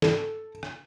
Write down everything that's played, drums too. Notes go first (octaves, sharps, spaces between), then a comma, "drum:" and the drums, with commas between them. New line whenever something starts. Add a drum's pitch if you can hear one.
A4, drum: snare
drum: rim click